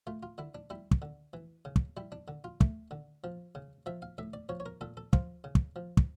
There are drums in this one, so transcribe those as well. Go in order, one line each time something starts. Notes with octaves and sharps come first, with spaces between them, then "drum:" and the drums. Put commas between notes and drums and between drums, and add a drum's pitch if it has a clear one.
A3 F4
F4
D3 E4
D4
G3 E4
drum: kick
D3
E3
C#3
drum: kick
G3 E4
D4
D3
F4
A3, drum: kick
D3
F3
C#3
F3 E5
F5
A2 E5
D5
F3 C#5
C#5
A#4
A#2 A4
A4
F3 F4, drum: kick
C#3
drum: kick
F3
drum: kick